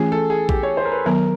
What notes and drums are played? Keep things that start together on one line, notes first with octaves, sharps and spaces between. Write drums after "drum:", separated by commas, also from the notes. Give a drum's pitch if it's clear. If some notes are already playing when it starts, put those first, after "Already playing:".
Already playing: E3 A3 C#4 F4 G#4
A4
G#4
G4, drum: kick A#1
C#5
C5
A#4
B4
D#3 F#3 B3 A#4